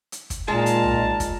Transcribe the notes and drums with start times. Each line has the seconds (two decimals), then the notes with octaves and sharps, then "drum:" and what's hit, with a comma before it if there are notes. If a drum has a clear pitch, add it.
0.12 drum: hi-hat
0.30 drum: kick, hi-hat
0.48 A#2 D#3 G#3 A#4 A5
0.66 drum: hi-hat
0.84 drum: tom B1
1.20 drum: kick, hi-hat